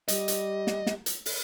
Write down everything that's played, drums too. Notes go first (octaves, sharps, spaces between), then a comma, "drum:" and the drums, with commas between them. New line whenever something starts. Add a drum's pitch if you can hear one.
G3 D#5, drum: hi-hat
drum: hi-hat
drum: snare
drum: snare
drum: hi-hat
drum: open hi-hat